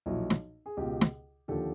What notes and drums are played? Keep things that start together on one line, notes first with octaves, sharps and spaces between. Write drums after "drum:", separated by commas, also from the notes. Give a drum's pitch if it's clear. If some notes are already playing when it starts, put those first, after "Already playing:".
B1 A#2 F3 E4 F#4
drum: snare
G#4
C#2 B2 F4 G4
drum: snare
D#2 D3 F3 G4 A4